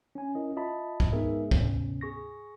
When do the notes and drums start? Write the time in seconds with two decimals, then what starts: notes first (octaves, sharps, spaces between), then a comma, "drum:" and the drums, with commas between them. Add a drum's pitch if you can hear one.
0.15 C#4 G#5
0.35 C#4 E4 A#4 D#5
0.57 F4 D#5 E5 A5 B5
1.00 drum: kick
1.12 G#3 B3 D#4 G#4 A#4 E5
1.51 D2 C3 B3 C#4, drum: kick
2.01 G#4 C#6 A#6